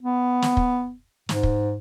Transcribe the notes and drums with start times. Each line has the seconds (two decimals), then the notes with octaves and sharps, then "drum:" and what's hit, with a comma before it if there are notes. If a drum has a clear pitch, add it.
0.02 B3
0.42 drum: snare
0.57 drum: kick
1.29 G#2, drum: snare
1.43 drum: kick